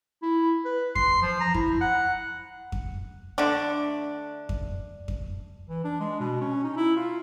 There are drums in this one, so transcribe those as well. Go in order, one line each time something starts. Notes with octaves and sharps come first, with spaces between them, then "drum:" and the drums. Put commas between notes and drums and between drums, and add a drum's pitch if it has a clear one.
E4
B4
C6, drum: kick F2
F3
A#5
E4, drum: kick F2
F#5
drum: kick F2
D3 A3 D4
drum: kick F2
drum: kick F2
E3
D4
G#3
B2
C#4
D#4
E4
F4